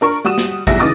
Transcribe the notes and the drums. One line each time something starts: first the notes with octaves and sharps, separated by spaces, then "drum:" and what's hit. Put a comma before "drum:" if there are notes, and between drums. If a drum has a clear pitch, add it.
D4 A#4 C#6
G3 F#4 D#6 E7
drum: snare
B1 E2 G3 E5 A#6, drum: kick A1, hi-hat
C#3 E3 D#4 D6 D#6 A6